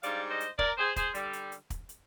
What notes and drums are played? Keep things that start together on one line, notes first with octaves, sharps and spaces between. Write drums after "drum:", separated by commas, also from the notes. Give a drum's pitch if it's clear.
G#2 G3 D4 D5 F5, drum: hi-hat
C5 D#5
drum: hi-hat
A#4 D5, drum: kick
G#4 C5
G#4 C5, drum: kick, hi-hat
D3 G3, drum: hi-hat
drum: hi-hat
drum: hi-hat
drum: kick, hi-hat
drum: hi-hat